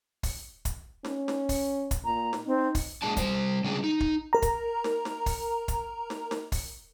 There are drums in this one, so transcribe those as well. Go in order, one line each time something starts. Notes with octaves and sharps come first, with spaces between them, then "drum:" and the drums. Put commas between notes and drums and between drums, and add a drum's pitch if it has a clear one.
drum: kick, open hi-hat
drum: kick, hi-hat
C#4, drum: snare
drum: snare
drum: kick, open hi-hat
drum: kick, hi-hat
A#2 A#5
drum: snare
C4 D#4
drum: kick, open hi-hat
A#2 G#3 A#3 D4 A5
G3 C5, drum: kick, hi-hat
C#3 G3 G#3 C#4 D4 G#4
D#4
drum: kick
A#4 A#5
drum: kick, hi-hat
drum: snare
drum: snare
drum: kick, open hi-hat
drum: kick, hi-hat
drum: snare
drum: snare
drum: kick, open hi-hat